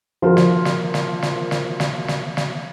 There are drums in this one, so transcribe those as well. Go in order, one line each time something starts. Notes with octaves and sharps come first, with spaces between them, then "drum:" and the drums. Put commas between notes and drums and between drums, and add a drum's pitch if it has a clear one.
F3 F4 F#4 A#4
drum: snare
drum: snare
drum: snare
drum: snare
drum: snare
drum: snare
drum: snare
drum: snare